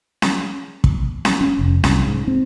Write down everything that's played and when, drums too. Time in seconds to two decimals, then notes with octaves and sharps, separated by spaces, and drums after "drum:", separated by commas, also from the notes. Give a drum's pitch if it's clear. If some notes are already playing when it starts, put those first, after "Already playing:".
0.22 drum: snare C#4
0.84 drum: kick
1.25 drum: snare C#4
1.41 C#4
1.59 F1
1.84 C2, drum: snare C#4
2.07 G#2
2.28 C4